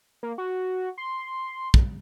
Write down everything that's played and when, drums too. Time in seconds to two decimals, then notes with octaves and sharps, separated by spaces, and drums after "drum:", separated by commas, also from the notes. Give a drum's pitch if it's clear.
0.23 A#3
0.38 F#4
0.98 C6
1.74 drum: kick